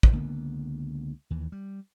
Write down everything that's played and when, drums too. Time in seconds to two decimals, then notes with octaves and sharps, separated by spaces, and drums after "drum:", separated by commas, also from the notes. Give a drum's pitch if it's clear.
0.03 drum: kick
0.13 C#2 D3 A#3 B3
1.30 D#2 E3
1.52 G3